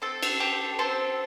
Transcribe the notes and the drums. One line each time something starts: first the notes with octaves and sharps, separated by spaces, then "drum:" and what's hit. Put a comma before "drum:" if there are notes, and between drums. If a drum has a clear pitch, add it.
C4 A4 C5
drum: cymbal
G4
C4 A4 C5